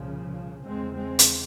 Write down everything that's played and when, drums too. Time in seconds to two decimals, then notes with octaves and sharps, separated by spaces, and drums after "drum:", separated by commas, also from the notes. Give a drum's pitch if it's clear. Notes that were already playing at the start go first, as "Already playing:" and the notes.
Already playing: C2 A#2 C#3 F3
0.67 E2 C#3 G#3 C4
0.96 G#3 C4
1.19 drum: hi-hat